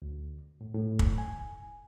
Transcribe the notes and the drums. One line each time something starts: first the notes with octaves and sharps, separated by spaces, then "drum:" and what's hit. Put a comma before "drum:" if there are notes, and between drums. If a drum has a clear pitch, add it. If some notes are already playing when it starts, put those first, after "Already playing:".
D2
A2
A2
drum: kick
G#5